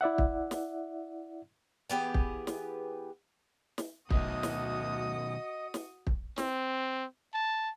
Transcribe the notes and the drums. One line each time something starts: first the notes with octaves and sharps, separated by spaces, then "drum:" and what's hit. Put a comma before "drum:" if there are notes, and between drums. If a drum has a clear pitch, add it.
E4 D5 E5 F#5
drum: kick
drum: snare
E3 B3 G4 G#4
drum: kick
drum: snare
drum: snare
D2 B2 D#3 F#3 F#4 D#5 D#6, drum: kick
drum: snare
drum: snare
drum: kick
C4, drum: snare
A5